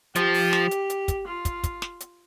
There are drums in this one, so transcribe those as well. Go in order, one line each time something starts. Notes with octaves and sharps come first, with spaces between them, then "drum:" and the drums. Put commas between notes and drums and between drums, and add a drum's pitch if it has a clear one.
F3 G4, drum: hi-hat
drum: open hi-hat
drum: snare
drum: hi-hat
drum: hi-hat
drum: kick, hi-hat
F4
drum: kick, hi-hat
drum: kick, hi-hat
drum: snare
drum: hi-hat